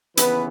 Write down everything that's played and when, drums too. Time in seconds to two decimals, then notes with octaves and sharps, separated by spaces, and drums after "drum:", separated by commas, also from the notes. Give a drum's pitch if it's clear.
0.17 D#2 C#3 E3 B3 B4, drum: hi-hat